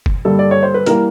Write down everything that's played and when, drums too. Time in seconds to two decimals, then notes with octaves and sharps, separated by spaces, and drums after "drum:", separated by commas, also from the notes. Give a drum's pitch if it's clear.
0.06 drum: kick
0.25 G2 D3 G3 A#3 A4
0.39 D5
0.51 C#5
0.63 C5
0.74 B4
0.86 E3 G3 A#3 A#4, drum: hi-hat